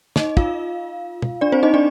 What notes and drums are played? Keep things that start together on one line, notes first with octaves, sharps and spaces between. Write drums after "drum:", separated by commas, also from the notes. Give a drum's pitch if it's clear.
D#4 D#5, drum: snare
F4 F5, drum: kick
drum: tom
D4 D5
C4 C5
D#4 D#5
D4 D5